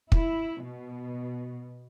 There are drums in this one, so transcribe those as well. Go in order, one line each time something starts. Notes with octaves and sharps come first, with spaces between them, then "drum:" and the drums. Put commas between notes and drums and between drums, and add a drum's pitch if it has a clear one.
E4, drum: kick
B2